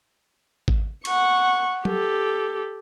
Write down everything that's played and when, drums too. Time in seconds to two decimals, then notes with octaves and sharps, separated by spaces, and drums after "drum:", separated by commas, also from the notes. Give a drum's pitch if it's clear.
0.68 drum: kick G#1
1.05 F#5 C#6, drum: cymbal
1.85 G4 A4, drum: tom F#3